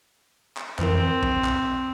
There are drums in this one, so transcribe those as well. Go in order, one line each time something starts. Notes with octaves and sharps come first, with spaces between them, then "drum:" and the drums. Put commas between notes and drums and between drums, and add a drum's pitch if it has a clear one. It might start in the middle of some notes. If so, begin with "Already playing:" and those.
drum: clap
F2 E3 C4 A#4, drum: clap
drum: kick
drum: clap